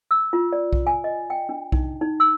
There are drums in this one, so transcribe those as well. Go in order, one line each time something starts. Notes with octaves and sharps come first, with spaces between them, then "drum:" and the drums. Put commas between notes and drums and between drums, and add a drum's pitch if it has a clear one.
E6
F4
D5
drum: kick B1
G#5
D#5
G5
D4
D#4, drum: kick B1
D#4
E6